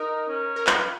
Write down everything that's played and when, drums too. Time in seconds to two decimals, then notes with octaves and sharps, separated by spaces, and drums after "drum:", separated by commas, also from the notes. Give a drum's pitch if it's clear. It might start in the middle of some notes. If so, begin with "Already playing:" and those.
Already playing: D#4 A#4
0.29 C#4
0.56 A#4
0.67 D#4 B4, drum: clap
0.77 F4